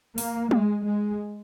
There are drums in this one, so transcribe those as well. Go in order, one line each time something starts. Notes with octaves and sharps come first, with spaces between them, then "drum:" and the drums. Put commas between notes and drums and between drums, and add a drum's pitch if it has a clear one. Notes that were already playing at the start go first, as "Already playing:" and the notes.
A#3, drum: open hi-hat
G#3, drum: tom G#3
G#3